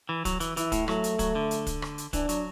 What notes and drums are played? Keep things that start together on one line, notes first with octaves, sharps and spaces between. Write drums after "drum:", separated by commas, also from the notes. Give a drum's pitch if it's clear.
E3
F#3, drum: kick, hi-hat
E3, drum: hi-hat
E3 E4, drum: hi-hat
A2, drum: kick, hi-hat
F#3 A3, drum: rim click
drum: hi-hat
F#3, drum: kick, hi-hat
D3
drum: hi-hat
drum: kick, hi-hat
drum: rim click
drum: hi-hat
E3 D4, drum: kick, hi-hat
F#3, drum: hi-hat